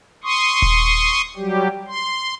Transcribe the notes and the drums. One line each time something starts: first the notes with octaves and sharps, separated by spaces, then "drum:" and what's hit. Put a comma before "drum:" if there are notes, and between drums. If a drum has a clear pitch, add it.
C6 C#6 D#6
drum: kick D#1
F#3 G3 G4
C6